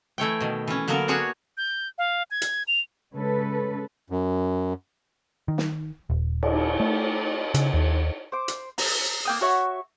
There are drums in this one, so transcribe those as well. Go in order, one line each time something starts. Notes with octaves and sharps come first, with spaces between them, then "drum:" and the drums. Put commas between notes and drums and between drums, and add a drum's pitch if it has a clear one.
E3 A3 C#5 G5
B2 D#3
E3 C#4
D3 F#3 A#3 B3 A#4
D4 F#4 G#4 C#5 F#5
G6
F5
G#6
drum: hi-hat
F7
C#3 G#3 C#4 A4 B4
F#2
D#3
drum: snare
D#1
drum: cymbal
A3
C#3, drum: hi-hat
D#2
C5 D6
drum: hi-hat
A#5, drum: open hi-hat
A#3 G5 D#6
F#4 C#5 E5 C#6